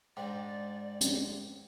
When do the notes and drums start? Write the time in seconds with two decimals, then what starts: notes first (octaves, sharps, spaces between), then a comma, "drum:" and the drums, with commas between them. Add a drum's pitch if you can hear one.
0.17 G#2 D4 D5 G5
1.01 drum: hi-hat